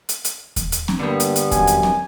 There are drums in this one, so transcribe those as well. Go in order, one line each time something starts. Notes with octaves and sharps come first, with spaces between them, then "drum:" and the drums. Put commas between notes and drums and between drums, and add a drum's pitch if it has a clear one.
drum: hi-hat
drum: hi-hat
drum: kick D#2, hi-hat
drum: hi-hat
drum: snare C4
G2 D3 G3 A#3 B3
drum: hi-hat
drum: hi-hat
F#2 G#5, drum: kick D#2, hi-hat
drum: hi-hat
drum: snare C4